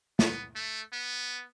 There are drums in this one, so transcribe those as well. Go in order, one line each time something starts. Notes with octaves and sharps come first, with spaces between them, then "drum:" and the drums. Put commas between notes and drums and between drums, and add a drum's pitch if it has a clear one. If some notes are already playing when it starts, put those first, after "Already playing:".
B3, drum: snare
A3
B3